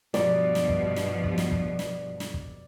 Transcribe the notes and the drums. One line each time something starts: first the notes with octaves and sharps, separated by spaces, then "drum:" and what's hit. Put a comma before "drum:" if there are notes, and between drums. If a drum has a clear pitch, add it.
G2 B2 F3 D5, drum: snare
drum: snare
drum: kick
drum: snare
drum: kick
drum: snare
drum: kick
drum: snare
drum: snare
drum: kick